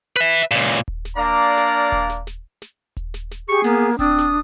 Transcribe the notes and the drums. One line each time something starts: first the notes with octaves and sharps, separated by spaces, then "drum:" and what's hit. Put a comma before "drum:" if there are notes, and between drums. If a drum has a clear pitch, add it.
B4 E5
C#2 A#2, drum: snare
drum: kick D#1
drum: snare
A#3 D4 D5 F5 A#5
drum: snare
drum: kick D#1, hi-hat
drum: snare
drum: snare
drum: snare
drum: kick D#1, hi-hat
drum: snare
drum: snare
G4 G#4 C#6
A#3 B3, drum: snare
C4 D4 D#6, drum: kick D#1, hi-hat
drum: snare